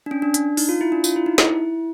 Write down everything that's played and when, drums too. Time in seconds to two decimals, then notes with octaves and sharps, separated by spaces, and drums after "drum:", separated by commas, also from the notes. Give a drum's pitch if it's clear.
0.06 D4
0.11 C#4
0.22 D4
0.34 D4, drum: hi-hat
0.57 D#4, drum: open hi-hat
0.69 F4
0.81 E4
0.92 D4
1.04 F4, drum: tambourine
1.16 E4
1.26 D#4
1.38 E4, drum: snare